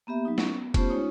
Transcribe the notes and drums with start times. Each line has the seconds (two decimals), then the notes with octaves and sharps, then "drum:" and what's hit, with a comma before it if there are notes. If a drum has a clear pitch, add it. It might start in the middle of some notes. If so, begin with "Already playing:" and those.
0.07 A#3 B3 G4 E5
0.25 F#3 B3 D#4
0.38 C#4, drum: snare
0.53 B3
0.74 A3 B3 C#4 F4 G4 C5, drum: kick F1, cymbal
0.90 G#3 C#4 D#4 F4 C#5 D#6